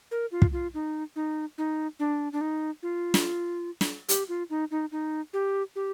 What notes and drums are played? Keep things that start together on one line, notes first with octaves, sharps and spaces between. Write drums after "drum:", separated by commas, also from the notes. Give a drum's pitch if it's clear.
A#4
F4
drum: kick
F4
D#4
D#4
D#4
D4
D4
D#4
F4
drum: snare
drum: snare
G4, drum: hi-hat
F4
D#4
D#4
D#4
G4
G4